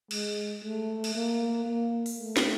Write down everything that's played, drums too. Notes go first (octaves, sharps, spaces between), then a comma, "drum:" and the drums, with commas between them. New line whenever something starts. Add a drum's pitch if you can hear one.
G#3, drum: cymbal
A3
drum: cymbal
A#3
A#3
drum: open hi-hat
A3
drum: snare